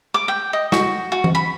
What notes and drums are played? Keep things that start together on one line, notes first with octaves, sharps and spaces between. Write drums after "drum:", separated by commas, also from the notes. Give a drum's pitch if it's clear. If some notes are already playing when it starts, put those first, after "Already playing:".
D6
G5
D#5
F#4, drum: snare
F#4
drum: tom E3
B5